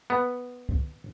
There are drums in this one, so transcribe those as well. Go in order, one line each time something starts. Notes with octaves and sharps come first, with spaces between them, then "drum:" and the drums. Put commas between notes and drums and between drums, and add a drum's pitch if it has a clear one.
B3
drum: kick